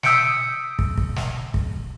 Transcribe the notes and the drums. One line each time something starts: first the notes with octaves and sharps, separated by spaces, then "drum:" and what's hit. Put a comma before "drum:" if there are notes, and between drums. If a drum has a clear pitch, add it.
D#6 E6 G6 B6 C#7 D7, drum: snare
drum: kick
drum: kick
drum: snare
drum: kick